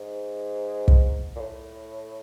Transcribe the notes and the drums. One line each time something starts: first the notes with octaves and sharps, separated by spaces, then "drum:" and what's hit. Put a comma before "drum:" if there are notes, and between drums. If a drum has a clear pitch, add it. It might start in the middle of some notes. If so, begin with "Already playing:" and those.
Already playing: G#2
drum: kick
A#2
A2